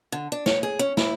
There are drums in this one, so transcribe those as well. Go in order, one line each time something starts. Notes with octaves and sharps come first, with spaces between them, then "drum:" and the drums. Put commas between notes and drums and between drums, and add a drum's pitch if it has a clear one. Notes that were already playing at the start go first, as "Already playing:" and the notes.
D3
D4
C#5, drum: snare
G#4
C#4
E4, drum: snare